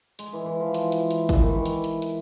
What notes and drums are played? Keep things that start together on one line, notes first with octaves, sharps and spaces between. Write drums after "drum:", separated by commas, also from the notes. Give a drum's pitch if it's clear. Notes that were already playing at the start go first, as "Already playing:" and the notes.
G#3, drum: hi-hat
E3
E3
F3
E3, drum: hi-hat
drum: hi-hat
drum: hi-hat
E3, drum: kick, hi-hat
D#3
E3
drum: hi-hat
drum: hi-hat
drum: hi-hat